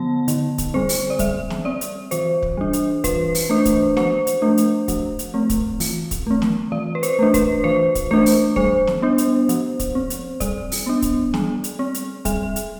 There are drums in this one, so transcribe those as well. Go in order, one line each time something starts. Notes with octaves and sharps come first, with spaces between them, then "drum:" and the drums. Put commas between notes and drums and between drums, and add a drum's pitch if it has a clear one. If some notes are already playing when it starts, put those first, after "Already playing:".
Already playing: D3 F3 B3 A5
D3, drum: hi-hat
drum: kick, hi-hat
G3 C4 C5
drum: open hi-hat
D5
G3 E5, drum: kick, hi-hat
drum: snare
C4 D5
drum: hi-hat
E3 C5, drum: hi-hat
drum: kick
G3 D4
drum: hi-hat
E3 B4, drum: kick, hi-hat
drum: open hi-hat
A3 D4 C5
drum: kick, hi-hat
F3 C5, drum: snare
drum: hi-hat
A3 D4
drum: hi-hat
F3, drum: kick, hi-hat
drum: hi-hat
A3 C4
drum: kick, hi-hat
E3, drum: open hi-hat
drum: kick, hi-hat
A3 C4
drum: snare
E3 D5
B4
C5, drum: hi-hat
A3 D4
B4, drum: kick, hi-hat
E3 C5
drum: kick, hi-hat
A3 D4 C5
drum: open hi-hat
G3 C5, drum: kick
drum: snare
B3 D4
drum: hi-hat
F3, drum: hi-hat
drum: kick, hi-hat
C4
drum: hi-hat
G3 D5, drum: kick, hi-hat
drum: open hi-hat
B3 D4
drum: kick, hi-hat
G3, drum: snare
drum: hi-hat
C4
drum: hi-hat
G3 E5, drum: kick, hi-hat
drum: hi-hat